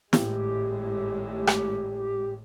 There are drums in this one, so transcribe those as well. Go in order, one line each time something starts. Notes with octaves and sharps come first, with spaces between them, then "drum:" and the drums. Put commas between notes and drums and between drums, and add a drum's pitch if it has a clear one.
G#1 A2 G#3 G4, drum: snare
drum: rim click